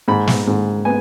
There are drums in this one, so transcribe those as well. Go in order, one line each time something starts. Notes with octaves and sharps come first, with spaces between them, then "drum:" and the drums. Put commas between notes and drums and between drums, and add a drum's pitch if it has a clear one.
G#2 B5
drum: snare
G#2
B3 G#5